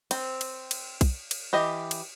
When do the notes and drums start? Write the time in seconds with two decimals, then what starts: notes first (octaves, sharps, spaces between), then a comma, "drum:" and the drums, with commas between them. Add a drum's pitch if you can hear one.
0.11 C4, drum: cymbal
0.41 drum: cymbal
0.71 drum: cymbal
1.01 drum: kick B1, cymbal
1.31 drum: cymbal
1.53 E3 G4 D#5
1.91 drum: cymbal